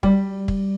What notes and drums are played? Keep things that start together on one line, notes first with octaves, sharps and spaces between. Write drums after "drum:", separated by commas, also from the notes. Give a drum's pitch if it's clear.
G3, drum: kick
drum: kick